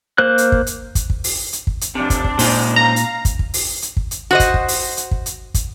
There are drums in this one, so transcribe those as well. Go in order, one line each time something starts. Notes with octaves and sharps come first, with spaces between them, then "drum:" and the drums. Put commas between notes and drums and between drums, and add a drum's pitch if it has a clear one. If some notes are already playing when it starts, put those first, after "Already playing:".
A#3 C5 F#6
drum: hi-hat
drum: kick
drum: hi-hat
drum: kick, hi-hat
drum: kick
drum: open hi-hat
drum: hi-hat
drum: kick
drum: hi-hat
F2 C3 C4 D4 D5
drum: kick, hi-hat
drum: kick
C#2 A#2 D#4 C5, drum: open hi-hat
F5 A#5
drum: hi-hat
drum: kick, hi-hat
drum: kick
drum: open hi-hat
drum: hi-hat
drum: kick
drum: hi-hat
F#4 C5 D#5
drum: kick, hi-hat
drum: kick
drum: open hi-hat
drum: hi-hat
drum: kick
drum: hi-hat
drum: kick, hi-hat